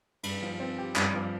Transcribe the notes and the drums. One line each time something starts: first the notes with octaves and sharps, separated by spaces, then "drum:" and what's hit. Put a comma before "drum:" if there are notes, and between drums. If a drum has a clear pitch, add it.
G2, drum: cymbal
F3
C4
G4
G2, drum: clap
F3